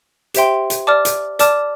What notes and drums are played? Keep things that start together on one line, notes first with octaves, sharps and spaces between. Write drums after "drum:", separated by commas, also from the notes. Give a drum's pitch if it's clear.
G4 C5 E5 G5 C6, drum: hi-hat
drum: hi-hat
D5 A5 D6 F6
drum: hi-hat
D5 A5 D6 F6, drum: hi-hat